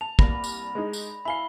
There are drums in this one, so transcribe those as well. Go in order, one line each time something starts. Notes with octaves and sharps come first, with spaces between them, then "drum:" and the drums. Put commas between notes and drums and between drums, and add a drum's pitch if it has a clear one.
A5 F7
C2 A#3 B4 D5 A#6, drum: kick
drum: tambourine
G#3 D#4
drum: tambourine
E4 E5 F5 G#5 B5 C7 G7